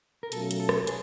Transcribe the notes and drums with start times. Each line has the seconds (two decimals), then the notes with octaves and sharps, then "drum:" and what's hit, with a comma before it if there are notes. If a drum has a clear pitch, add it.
0.23 A#4
0.32 B2 F#3 A3 C#4 F4 A4, drum: hi-hat
0.51 drum: hi-hat
0.60 A4
0.69 drum: rim click
0.87 G#4, drum: hi-hat